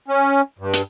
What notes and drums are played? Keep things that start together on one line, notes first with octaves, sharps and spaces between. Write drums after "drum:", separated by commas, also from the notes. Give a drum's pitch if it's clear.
C#4
G2
drum: hi-hat